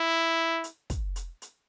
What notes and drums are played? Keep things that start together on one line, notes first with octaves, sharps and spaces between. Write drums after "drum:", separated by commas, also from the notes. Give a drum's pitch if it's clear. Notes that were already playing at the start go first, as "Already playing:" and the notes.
Already playing: E4
drum: hi-hat
drum: kick, hi-hat
drum: hi-hat
drum: hi-hat